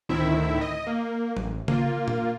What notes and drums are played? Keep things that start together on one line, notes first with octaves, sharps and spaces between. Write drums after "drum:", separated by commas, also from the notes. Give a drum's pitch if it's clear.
D2 A2 D#3 C4 E4 E5
D#5
A#3
A1, drum: tom F#3
A#3 F4, drum: tom C#3
drum: tom A#2